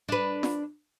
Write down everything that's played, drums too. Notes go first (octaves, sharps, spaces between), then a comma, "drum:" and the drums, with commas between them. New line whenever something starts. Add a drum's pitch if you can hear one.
D4 B4
drum: snare